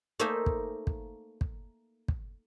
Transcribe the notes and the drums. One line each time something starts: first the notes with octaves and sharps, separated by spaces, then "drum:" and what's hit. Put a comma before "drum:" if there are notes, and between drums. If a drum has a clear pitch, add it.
A3 A#3 D#4 C5 E5 G#5
drum: kick
drum: kick
drum: kick
drum: kick